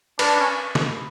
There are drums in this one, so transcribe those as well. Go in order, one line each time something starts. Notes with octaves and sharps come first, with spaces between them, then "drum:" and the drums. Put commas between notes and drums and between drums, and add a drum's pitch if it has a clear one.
D4 B4, drum: cymbal
D4
C#4
drum: snare